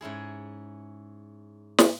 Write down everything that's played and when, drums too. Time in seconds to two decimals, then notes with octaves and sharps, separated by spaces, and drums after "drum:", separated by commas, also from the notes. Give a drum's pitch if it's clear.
0.01 G#2 C#4 E4 G#4
1.78 drum: snare